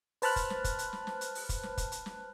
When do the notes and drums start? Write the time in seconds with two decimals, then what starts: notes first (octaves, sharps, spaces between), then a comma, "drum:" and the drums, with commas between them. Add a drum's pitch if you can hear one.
0.22 B4 C5 A5 B5 F6 F#6, drum: open hi-hat
0.36 drum: kick, hi-hat
0.50 drum: snare
0.64 drum: kick, hi-hat
0.79 drum: hi-hat
0.93 drum: snare
1.07 drum: snare
1.21 drum: hi-hat
1.35 drum: open hi-hat
1.49 drum: kick, hi-hat
1.63 drum: snare
1.78 drum: kick, hi-hat
1.92 drum: hi-hat
2.06 drum: snare